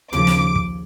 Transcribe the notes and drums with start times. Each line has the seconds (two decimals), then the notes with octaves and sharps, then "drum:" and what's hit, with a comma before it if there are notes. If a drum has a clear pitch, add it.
0.13 D#2 C#3 F3 D6, drum: tom A#2
0.27 drum: snare
0.56 drum: kick